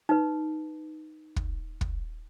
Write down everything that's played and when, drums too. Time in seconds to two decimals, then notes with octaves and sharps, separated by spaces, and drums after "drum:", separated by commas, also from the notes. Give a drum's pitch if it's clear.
0.09 D#4 B4
1.36 drum: kick
1.81 drum: kick